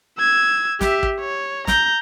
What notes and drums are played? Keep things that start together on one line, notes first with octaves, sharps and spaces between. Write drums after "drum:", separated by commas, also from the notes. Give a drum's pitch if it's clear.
E6 G#6
G4 E5, drum: snare
drum: kick
C#5
A#5 G6, drum: snare